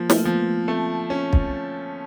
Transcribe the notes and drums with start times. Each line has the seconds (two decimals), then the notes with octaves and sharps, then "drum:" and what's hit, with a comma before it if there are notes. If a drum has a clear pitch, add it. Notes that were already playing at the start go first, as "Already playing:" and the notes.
Already playing: F3 A#3
0.10 A3, drum: snare
0.18 A#3
0.24 F3 B3
0.67 A3 C4
1.10 C#4
1.33 drum: kick